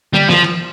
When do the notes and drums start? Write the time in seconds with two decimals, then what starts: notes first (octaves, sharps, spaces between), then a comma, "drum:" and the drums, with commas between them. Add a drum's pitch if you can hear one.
0.14 G3, drum: tom D3
0.29 F3, drum: snare
0.44 drum: cymbal